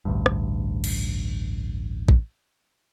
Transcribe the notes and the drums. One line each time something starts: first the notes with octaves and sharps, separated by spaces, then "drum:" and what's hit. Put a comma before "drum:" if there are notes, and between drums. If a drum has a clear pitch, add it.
A1 D2 G2
drum: rim click
drum: cymbal
drum: kick